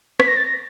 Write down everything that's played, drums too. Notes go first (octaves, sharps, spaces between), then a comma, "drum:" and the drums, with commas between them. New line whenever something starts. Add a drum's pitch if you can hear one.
B6, drum: rim click
A#6
A6
A#6